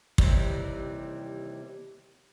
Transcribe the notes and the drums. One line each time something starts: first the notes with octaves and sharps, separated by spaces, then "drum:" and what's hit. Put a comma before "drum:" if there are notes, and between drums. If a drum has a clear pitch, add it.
D#2 C3 E3 G3 C4, drum: kick